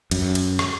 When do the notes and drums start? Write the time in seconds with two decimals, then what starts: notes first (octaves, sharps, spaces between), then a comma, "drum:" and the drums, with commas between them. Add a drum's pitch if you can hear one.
0.11 F#2, drum: cymbal
0.35 drum: cymbal
0.59 drum: rim click